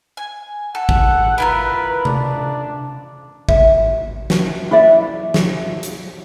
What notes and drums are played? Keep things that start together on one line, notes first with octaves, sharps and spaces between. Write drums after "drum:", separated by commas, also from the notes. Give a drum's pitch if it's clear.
G#5
A4 F#5
drum: kick G#1
E4 F4 A#4 B4
D4, drum: tom C3
E5, drum: kick G#1
drum: snare
E4 B4 D5 E5
drum: snare
drum: hi-hat